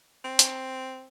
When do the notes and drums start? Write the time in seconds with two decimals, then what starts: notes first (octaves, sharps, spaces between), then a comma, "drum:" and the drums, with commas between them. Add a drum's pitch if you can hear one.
0.24 C4
0.39 drum: hi-hat